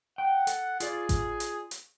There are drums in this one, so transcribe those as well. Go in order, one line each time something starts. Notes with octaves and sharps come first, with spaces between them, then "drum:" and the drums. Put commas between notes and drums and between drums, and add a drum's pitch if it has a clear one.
F#5 G5
A4, drum: hi-hat
F4 G#4 D5, drum: hi-hat
drum: kick A1, hi-hat
drum: hi-hat
drum: hi-hat